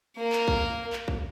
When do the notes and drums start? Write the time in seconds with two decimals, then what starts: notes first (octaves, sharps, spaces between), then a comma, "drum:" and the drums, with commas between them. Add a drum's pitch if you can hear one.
0.18 A#3 A#4
0.33 drum: clap
0.48 drum: kick
0.93 drum: clap
1.08 drum: kick